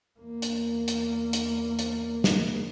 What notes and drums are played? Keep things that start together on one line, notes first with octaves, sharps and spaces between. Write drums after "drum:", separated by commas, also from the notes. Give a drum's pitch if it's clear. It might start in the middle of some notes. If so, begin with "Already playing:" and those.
E2 A#3
drum: hi-hat
drum: hi-hat
drum: hi-hat
drum: hi-hat
drum: snare